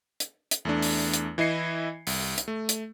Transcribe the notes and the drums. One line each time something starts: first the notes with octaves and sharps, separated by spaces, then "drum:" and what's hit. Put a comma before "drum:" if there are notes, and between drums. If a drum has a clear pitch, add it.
drum: hi-hat
drum: hi-hat
E2 A3 D4
drum: open hi-hat
drum: hi-hat
E3 E4 D#5 C7 C#7
C2, drum: open hi-hat
drum: hi-hat
A3
drum: hi-hat